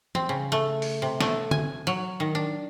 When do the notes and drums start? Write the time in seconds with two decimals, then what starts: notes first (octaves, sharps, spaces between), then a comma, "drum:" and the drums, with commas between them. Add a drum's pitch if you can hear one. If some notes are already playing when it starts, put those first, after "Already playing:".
0.15 C4, drum: tom
0.29 C#3
0.52 A3
0.82 drum: open hi-hat
1.02 C3
1.20 A3, drum: snare
1.51 G#5, drum: tom
1.87 F#3
2.20 D#3
2.35 D4